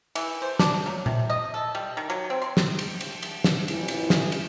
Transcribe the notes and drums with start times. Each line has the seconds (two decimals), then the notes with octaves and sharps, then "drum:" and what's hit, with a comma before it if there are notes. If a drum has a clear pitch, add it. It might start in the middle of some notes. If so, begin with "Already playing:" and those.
0.15 E3, drum: cymbal
0.42 C5
0.59 D4, drum: snare
0.86 F#3
1.06 C3, drum: tom
1.30 D#5
1.54 A4
1.75 G3
1.97 D#3
2.10 F#3
2.30 C4
2.42 C6
2.57 drum: snare
2.79 drum: cymbal
3.01 drum: cymbal
3.23 drum: cymbal
3.44 drum: snare
3.68 A1 F2 E3 E4, drum: cymbal
3.88 drum: cymbal
4.10 drum: snare
4.32 drum: cymbal